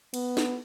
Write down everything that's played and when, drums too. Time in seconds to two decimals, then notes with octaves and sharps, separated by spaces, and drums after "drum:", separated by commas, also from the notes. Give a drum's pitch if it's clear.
0.14 B3, drum: cymbal
0.37 drum: snare